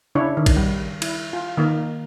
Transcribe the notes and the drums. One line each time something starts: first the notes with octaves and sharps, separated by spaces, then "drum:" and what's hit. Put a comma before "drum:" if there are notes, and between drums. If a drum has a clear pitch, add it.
C#3 D4 E4 C#5
D#3
drum: kick A#1, cymbal
G3
E4, drum: cymbal
F4
D#3 A#3 A#4